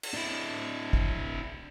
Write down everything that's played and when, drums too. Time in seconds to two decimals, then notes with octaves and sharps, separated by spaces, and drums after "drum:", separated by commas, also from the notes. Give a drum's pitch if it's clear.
0.03 drum: cymbal
0.14 D4 E4
0.93 drum: kick